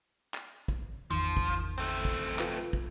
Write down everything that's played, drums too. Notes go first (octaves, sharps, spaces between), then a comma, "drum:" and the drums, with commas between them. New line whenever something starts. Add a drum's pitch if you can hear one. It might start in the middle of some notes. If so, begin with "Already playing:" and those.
drum: clap
drum: kick
G#1 E2 D#3 F3
drum: kick
A3 C4
drum: kick
F4 B4, drum: clap
drum: kick